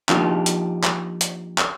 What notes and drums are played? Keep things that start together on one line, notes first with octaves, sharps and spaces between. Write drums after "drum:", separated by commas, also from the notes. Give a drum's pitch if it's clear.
F3 A#3 D4 D#4 F4 G4, drum: clap
drum: hi-hat
drum: clap
drum: hi-hat
drum: clap